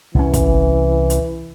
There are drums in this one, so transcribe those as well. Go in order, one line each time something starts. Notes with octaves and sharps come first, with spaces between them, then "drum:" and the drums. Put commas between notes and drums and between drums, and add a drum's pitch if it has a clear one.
C2 E3 C#4
drum: kick, hi-hat
drum: hi-hat